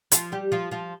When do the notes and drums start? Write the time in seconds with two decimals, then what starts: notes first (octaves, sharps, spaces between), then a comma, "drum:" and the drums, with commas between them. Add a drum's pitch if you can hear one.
0.12 F3 F4, drum: hi-hat
0.32 G3 G4
0.52 F3 F4
0.71 F3 F4